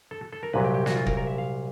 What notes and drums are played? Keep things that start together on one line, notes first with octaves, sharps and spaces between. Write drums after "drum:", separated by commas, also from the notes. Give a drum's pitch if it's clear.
A4
A4
A#4
C2 A#2 F#3 B4
G4
G4
F#4, drum: snare
F4
A#4, drum: kick
A#4
E5
F5